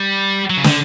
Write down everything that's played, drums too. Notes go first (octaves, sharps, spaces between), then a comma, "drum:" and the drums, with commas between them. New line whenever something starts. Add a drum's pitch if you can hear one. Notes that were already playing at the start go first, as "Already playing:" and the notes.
Already playing: G3
F#3
C#3
D3, drum: snare